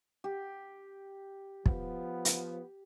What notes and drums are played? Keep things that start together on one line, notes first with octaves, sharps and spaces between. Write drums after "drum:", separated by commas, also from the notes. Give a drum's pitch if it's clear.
G4
F3 B3, drum: kick
drum: hi-hat